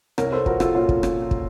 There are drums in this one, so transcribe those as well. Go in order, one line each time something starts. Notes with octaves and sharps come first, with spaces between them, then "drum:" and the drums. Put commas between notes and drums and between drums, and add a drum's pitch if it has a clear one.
C2 A#4 C#5, drum: rim click
A4 C5
F3 F#4 A#4, drum: kick
F4 A4, drum: rim click
A#2 C#4 F4
drum: kick
A#2, drum: rim click
drum: kick